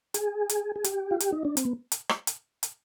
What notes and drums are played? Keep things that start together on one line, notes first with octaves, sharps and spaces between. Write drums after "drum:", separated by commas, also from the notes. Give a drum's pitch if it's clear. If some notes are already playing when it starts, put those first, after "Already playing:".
G#4, drum: hi-hat
drum: hi-hat
G#4
G4, drum: hi-hat
F4
G4, drum: hi-hat
D#4
D4
C4, drum: hi-hat
B3
drum: hi-hat
drum: rim click
drum: hi-hat
drum: hi-hat